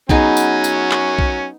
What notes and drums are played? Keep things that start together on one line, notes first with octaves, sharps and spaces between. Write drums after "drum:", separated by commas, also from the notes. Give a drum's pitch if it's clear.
F#3 B3 C#4 D#4 G#4, drum: kick
drum: tambourine
drum: tambourine
drum: clap
drum: kick